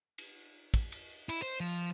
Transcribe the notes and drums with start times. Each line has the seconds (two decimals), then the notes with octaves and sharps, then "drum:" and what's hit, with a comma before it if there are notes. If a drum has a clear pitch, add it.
0.18 drum: cymbal
0.74 drum: kick, cymbal
0.92 drum: cymbal
1.29 E4, drum: cymbal
1.42 C5
1.60 F3